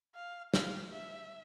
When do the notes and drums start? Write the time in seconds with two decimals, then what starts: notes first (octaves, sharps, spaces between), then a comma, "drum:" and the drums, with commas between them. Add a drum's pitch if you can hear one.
0.15 F5
0.54 F5, drum: snare
0.92 E5